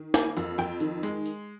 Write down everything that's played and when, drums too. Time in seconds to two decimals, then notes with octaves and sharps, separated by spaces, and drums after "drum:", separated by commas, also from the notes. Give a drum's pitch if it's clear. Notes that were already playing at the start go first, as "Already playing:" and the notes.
Already playing: D#3
0.14 A#3 G#5, drum: snare
0.37 F2, drum: tambourine
0.58 F2 G5, drum: tambourine
0.80 D#3, drum: tambourine
1.03 G#3, drum: tambourine
1.26 drum: tambourine